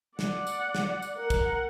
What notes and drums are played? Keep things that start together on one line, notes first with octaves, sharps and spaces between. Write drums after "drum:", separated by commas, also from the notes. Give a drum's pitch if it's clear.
D5 F#5, drum: snare
drum: tambourine
drum: snare
drum: tambourine
A#4 F#5
drum: kick, tambourine